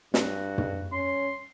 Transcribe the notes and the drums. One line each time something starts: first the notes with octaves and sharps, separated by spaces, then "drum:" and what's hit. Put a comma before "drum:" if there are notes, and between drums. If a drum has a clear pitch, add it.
G2 F#4, drum: snare
drum: tom
C#4 C6